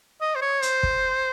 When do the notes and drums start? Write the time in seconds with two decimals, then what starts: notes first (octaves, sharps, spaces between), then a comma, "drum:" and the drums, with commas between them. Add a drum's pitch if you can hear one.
0.21 D#5
0.35 C5
0.42 C#5
0.62 C5, drum: hi-hat
0.83 drum: kick